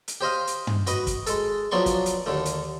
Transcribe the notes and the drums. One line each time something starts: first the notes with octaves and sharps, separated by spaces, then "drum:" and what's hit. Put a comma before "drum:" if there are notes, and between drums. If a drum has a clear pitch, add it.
drum: hi-hat
G4 C5 D#5 F5
drum: hi-hat
drum: tom
F#4 B4 D#5, drum: hi-hat
drum: kick, hi-hat
G#3 A4, drum: hi-hat
F3 F#3 B3 D5 C6 C#6
drum: kick, hi-hat
drum: hi-hat
D#2 D3 A3
drum: hi-hat